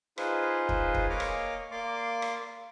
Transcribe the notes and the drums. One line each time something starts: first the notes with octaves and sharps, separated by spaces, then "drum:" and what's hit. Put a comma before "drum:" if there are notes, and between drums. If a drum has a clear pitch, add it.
D#4 F4 G#4 B4 C5, drum: rim click
drum: kick
drum: kick
A#3 C#5 D#5 G#5 D6 F6
drum: rim click
A#3 D5 C6 D6
drum: rim click